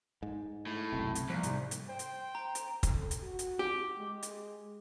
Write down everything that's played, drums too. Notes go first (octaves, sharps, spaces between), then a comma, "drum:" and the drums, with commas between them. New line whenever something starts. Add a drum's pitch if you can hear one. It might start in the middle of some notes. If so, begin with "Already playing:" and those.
G#2
A2
F#1 B1 C3
drum: hi-hat
C2 F3 A#3
G#2 C3, drum: hi-hat
drum: hi-hat
C5 G5
drum: hi-hat
A#5
drum: hi-hat
drum: kick, hi-hat
A4
drum: hi-hat
F#4
drum: hi-hat
G4
G#3
drum: hi-hat